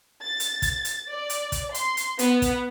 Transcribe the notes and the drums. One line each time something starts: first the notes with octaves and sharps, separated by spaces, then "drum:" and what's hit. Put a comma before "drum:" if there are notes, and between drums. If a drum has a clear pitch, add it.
A6
drum: hi-hat
drum: kick, hi-hat
drum: hi-hat
D5
drum: hi-hat
drum: kick, hi-hat
C6, drum: hi-hat
drum: hi-hat
B3, drum: hi-hat
drum: kick, hi-hat